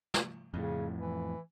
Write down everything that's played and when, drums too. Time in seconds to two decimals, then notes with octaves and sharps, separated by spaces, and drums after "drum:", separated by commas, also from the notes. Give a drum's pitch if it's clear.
0.14 drum: snare
0.54 F2 A2 C#3
0.96 E3